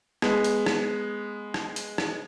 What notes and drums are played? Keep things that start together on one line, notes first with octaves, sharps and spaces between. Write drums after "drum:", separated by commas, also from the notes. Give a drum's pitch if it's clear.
G#3 B3, drum: rim click
drum: hi-hat
drum: rim click
drum: rim click
drum: hi-hat
drum: rim click